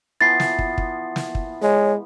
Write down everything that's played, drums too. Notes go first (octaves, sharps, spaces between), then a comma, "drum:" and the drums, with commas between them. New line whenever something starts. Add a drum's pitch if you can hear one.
E3 F3 B3 A6 C7
drum: snare
drum: kick
drum: kick
drum: snare
drum: kick
G#3 C#5